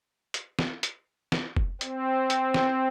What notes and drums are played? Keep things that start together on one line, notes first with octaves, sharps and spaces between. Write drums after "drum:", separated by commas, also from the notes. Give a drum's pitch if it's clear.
drum: hi-hat
drum: snare
drum: hi-hat
drum: snare
drum: kick
C4, drum: hi-hat
drum: hi-hat
drum: snare